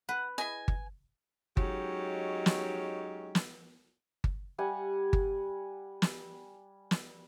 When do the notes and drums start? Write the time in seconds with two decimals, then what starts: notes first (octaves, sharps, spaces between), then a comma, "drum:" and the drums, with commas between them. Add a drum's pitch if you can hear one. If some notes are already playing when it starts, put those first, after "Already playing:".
0.09 B4 F#5
0.38 E4 G#4 D#5 G#5
0.68 drum: kick G1
1.57 F#3 G#3 C#4 D#4 G4, drum: kick G1
2.46 drum: snare
3.35 drum: snare
4.24 drum: kick G1
4.58 G3 F#5 G#5
5.13 drum: kick G1
6.02 drum: snare
6.91 drum: snare